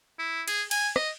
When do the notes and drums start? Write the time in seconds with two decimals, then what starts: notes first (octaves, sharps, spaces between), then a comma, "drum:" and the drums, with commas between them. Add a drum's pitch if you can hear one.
0.19 E4
0.48 G#4, drum: cymbal
0.71 G#5, drum: cymbal
0.96 D#5, drum: rim click